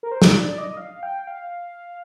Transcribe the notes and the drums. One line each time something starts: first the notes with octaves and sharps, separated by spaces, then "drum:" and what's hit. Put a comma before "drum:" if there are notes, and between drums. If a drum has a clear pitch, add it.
A#4
C5
D5, drum: snare
D5
D#5
F5
G5
F5